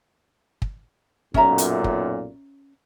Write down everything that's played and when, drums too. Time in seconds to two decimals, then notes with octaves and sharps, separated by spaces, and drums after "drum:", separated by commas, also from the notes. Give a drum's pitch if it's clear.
0.62 drum: kick
1.34 B1 F#2 A#2 C#4 E5 A#5, drum: kick
1.58 drum: hi-hat
1.84 drum: kick